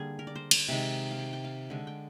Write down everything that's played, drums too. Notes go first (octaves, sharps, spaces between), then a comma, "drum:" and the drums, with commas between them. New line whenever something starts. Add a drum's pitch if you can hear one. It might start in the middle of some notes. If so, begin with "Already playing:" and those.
Already playing: D3 G3 A#3 G#4
A#4
D5
C5
C5, drum: cymbal
C3 D#3 G#3
F5
G5
G5
F5
D3 G#3
G5